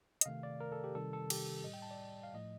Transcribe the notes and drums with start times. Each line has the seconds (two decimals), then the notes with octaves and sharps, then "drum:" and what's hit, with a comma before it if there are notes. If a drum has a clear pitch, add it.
0.21 D#5, drum: hi-hat
0.26 C3 D#3 A3 F5
0.43 D5
0.60 A#4
0.72 A4
0.84 G4
0.95 C3 D#3 G3 A4
1.13 A4
1.30 G4, drum: cymbal
1.64 A2 G3 D#5
1.73 G5
1.82 A5
1.91 D5
2.23 F5
2.34 A2 F3 A3 D#5